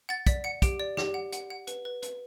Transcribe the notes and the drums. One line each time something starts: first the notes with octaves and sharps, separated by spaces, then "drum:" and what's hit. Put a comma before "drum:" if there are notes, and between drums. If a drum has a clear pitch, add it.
F#5 A6
D5 B6, drum: kick, hi-hat
F#5 C#7
G4 D7, drum: kick, hi-hat
D5
G4, drum: snare
F#5
F#5, drum: hi-hat
F#5
B4, drum: hi-hat
B4
B4, drum: hi-hat